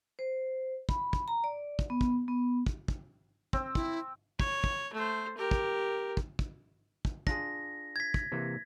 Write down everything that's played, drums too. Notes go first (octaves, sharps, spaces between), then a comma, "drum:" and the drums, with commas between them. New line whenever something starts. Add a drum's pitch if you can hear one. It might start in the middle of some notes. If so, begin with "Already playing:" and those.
C5
B5, drum: kick
drum: kick
A#5
D5
drum: kick
B3
drum: kick
B3
drum: kick
drum: kick
C4, drum: kick
E4, drum: kick
C#5, drum: kick
drum: kick
A3 C5
G4 A#4
drum: kick
drum: kick
drum: kick
drum: kick
D4 F4 G#4 A#6, drum: kick
G#6 B6
drum: kick
C3 E3 A#3